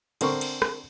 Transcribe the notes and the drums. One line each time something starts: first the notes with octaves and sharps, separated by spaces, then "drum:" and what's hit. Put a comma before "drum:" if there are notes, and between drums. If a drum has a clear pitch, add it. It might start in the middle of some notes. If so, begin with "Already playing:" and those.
D3 C4 A#4 C#6, drum: cymbal
drum: cymbal
drum: rim click